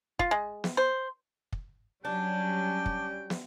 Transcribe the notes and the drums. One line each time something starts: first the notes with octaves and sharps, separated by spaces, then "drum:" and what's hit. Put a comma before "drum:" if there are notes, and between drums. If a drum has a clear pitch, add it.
F4, drum: kick
G#3
drum: snare
C5
drum: kick
F#3 G3 C#4 D4 G5
drum: kick
drum: snare